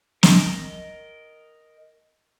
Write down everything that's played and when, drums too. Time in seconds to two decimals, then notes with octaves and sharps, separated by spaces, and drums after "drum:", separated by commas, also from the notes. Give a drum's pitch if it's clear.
0.23 A#4 D#5, drum: snare